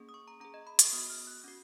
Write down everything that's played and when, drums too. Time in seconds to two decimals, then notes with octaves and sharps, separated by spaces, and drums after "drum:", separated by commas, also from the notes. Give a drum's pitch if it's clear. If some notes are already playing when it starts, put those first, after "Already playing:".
Already playing: A#3 C#4 G#4
0.09 D#6
0.14 C#6
0.28 A#5
0.41 C#4 G#4 A#5
0.54 D#5
0.67 B5
0.79 C#6, drum: hi-hat
0.92 B3 F#4 D#6
1.10 F6
1.27 F#6
1.44 C#4 F#4